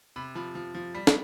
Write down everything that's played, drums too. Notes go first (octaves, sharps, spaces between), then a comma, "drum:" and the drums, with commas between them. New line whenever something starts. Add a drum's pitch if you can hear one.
C3 B5
F3 B5
F3
F3
G3
drum: snare